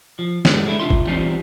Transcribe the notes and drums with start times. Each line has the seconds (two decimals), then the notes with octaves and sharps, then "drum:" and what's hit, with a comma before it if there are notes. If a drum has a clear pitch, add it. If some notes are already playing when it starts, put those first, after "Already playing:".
0.19 F3
0.45 F#2 A2 D3 G3 G#3, drum: snare
0.66 G#3 A3 D4 E4
0.80 C2 D4 F4 E5 C6
0.90 drum: kick G1
1.07 E3 G3 C4 C#4 D#4 F4